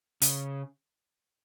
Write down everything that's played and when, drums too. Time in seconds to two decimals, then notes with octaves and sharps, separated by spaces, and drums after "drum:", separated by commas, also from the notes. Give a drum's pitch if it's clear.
0.22 C#3, drum: hi-hat